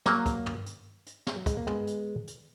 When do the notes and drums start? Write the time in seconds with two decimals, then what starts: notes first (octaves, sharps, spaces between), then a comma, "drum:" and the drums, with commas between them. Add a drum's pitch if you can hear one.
0.06 F#3 A#3, drum: snare
0.26 drum: kick, hi-hat
0.46 drum: tom
0.66 drum: hi-hat
1.06 drum: hi-hat
1.27 drum: snare
1.36 F#3
1.46 G#3, drum: kick, hi-hat
1.57 A#3
1.67 G#3 B3, drum: tom
1.87 drum: hi-hat
2.27 drum: hi-hat